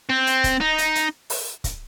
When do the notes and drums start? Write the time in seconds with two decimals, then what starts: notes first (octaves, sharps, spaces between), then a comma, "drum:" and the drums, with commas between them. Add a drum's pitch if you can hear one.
0.10 C4
0.27 drum: hi-hat
0.44 drum: kick C#1, hi-hat
0.60 D#4
0.78 drum: hi-hat
0.95 drum: hi-hat
1.30 drum: open hi-hat
1.64 drum: kick C#1, hi-hat